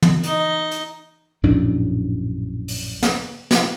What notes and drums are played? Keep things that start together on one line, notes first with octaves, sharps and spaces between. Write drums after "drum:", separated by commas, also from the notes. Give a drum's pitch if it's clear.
drum: tom
D#4 D#5, drum: hi-hat
drum: hi-hat
A#1 F#2 A2 D4
drum: open hi-hat
drum: snare
drum: snare